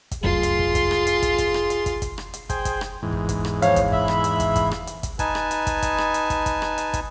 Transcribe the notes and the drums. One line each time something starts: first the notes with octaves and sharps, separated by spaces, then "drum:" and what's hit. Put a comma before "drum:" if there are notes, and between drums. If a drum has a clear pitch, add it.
drum: kick, hi-hat
F1 C2 F#2 F4 G#4 C6
drum: hi-hat
drum: kick
drum: kick, hi-hat
drum: rim click
drum: hi-hat
drum: kick, hi-hat
drum: kick, hi-hat
drum: rim click
drum: hi-hat
drum: kick, hi-hat
drum: kick, hi-hat
drum: rim click
drum: hi-hat
G#4 C5 G5, drum: kick, hi-hat
drum: kick, hi-hat
drum: rim click
E2 G#2
drum: kick
drum: kick, hi-hat
drum: rim click
F3 C#5 F5, drum: hi-hat
drum: kick, hi-hat
E5 B5, drum: kick
drum: rim click
drum: hi-hat
drum: kick, hi-hat
drum: kick, hi-hat
drum: rim click
drum: hi-hat
drum: kick, hi-hat
D#4 B4 G#5 A5, drum: kick, hi-hat
drum: rim click
drum: hi-hat
drum: kick, hi-hat
drum: kick, hi-hat
drum: rim click
drum: hi-hat
drum: kick, hi-hat
drum: kick, hi-hat
drum: rim click
drum: hi-hat
drum: kick, hi-hat